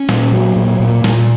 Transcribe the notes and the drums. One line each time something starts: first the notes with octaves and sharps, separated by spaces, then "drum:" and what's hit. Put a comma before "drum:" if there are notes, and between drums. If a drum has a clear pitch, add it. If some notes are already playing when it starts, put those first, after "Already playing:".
Already playing: C#4
A#2, drum: snare
F#3
A#2
A#2
A#2, drum: snare